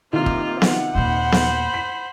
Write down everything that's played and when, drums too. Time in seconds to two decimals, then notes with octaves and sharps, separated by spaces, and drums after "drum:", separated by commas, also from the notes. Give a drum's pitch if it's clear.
0.13 C3 D#3 A#3 F4
0.26 drum: kick
0.62 F#5, drum: snare B3
0.95 D#2 A#2 C5 B5
1.32 drum: snare B3
1.74 B6